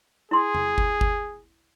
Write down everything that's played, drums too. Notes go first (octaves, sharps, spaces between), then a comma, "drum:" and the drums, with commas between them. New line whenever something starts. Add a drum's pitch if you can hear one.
E4 G#4 C6
drum: tom E2
drum: kick G1
drum: kick G1